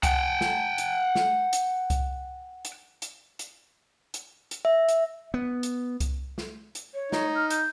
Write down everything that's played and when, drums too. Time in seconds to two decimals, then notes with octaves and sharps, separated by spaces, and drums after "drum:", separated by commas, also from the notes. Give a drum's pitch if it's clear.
0.03 F#5 G5, drum: kick C2, hi-hat
0.41 drum: snare
0.78 drum: hi-hat
1.15 drum: snare
1.53 drum: hi-hat
1.90 drum: kick C2, hi-hat
2.65 drum: hi-hat
3.02 drum: hi-hat
3.39 drum: hi-hat
4.14 drum: hi-hat
4.51 drum: hi-hat
4.65 E5
4.89 drum: hi-hat
5.34 B3
5.63 drum: hi-hat
6.00 drum: kick C2, hi-hat
6.38 drum: snare
6.75 drum: hi-hat
6.94 C#5
7.12 D#4, drum: snare
7.35 F6
7.50 G6, drum: hi-hat